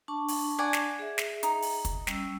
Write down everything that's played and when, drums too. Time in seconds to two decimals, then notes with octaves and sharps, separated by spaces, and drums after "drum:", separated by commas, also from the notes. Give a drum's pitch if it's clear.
0.08 D4 A5 C#6
0.28 drum: open hi-hat
0.59 D5 F#5 G#5
0.73 drum: snare
0.99 G#4 E5
1.18 drum: snare
1.43 D#4, drum: hi-hat
1.62 drum: open hi-hat
1.85 drum: kick, hi-hat
2.07 G3 C#4 E6, drum: snare